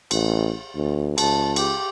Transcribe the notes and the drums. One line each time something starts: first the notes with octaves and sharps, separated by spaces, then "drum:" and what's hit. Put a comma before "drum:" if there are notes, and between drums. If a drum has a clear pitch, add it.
A1, drum: cymbal
D2
C#2 A5, drum: cymbal
G4, drum: cymbal